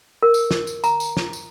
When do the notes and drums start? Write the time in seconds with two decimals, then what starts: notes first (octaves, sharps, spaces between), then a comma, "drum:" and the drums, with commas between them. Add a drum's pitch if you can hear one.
0.23 A#4
0.34 drum: tambourine
0.51 drum: snare
0.67 drum: tambourine
0.84 A#5, drum: tambourine
1.00 drum: tambourine
1.17 drum: snare
1.33 drum: tambourine